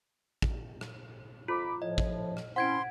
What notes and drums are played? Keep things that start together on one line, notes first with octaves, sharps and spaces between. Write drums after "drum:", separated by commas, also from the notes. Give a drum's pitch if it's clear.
drum: kick
drum: rim click
F2 F4 B5 D6
A2 F3 D#5
drum: kick
drum: rim click
C4 C#4 E4 F#5 C6 G#6 D7